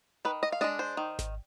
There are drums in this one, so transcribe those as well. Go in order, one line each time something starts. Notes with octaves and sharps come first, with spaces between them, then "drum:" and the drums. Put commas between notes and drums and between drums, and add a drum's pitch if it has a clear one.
D#3 B4
D#5
F5
G#3 D4 D#5
C5
D#3
drum: snare G#1